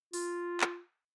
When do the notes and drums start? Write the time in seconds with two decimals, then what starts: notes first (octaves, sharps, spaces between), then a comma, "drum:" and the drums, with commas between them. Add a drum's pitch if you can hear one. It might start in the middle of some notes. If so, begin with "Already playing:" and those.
0.13 F4, drum: open hi-hat
0.61 drum: clap